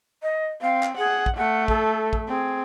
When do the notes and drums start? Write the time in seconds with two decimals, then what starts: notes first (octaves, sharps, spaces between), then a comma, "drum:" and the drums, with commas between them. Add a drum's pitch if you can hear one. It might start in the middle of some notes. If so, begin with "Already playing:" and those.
0.22 D#5
0.61 C4 F5
0.83 drum: clap
0.97 G#4 F#5
1.26 drum: kick
1.37 A3 F#5
1.68 A4, drum: kick
2.13 drum: kick
2.28 C4 G#4